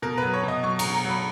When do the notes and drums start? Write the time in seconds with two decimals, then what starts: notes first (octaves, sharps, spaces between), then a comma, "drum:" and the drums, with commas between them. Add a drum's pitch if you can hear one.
0.02 B2 A#4
0.18 F#3 B4
0.33 C#5
0.43 B2 D#5
0.63 F#3 C#6
0.79 A#5, drum: cymbal
0.84 B2
0.94 A#5
1.05 F#3 B5